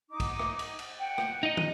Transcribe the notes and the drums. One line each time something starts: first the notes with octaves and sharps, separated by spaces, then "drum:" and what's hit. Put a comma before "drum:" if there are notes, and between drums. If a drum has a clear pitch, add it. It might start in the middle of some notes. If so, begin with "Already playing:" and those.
D#4 D6
drum: kick, cymbal
drum: rim click
drum: cymbal
drum: cymbal
F#5 G5
drum: rim click
D#4 D#5
drum: tom